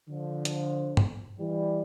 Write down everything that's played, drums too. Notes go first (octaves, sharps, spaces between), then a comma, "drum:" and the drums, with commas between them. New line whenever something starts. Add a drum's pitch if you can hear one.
D3 F3
drum: hi-hat
drum: tom G2
E3 G3